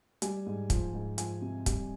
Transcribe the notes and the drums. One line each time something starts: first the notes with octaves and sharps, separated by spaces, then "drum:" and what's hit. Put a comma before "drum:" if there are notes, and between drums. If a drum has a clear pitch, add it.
G3 G#5, drum: hi-hat
G#2
F3, drum: kick, hi-hat
G#2
F3 G#5, drum: hi-hat
C3
G3, drum: kick, hi-hat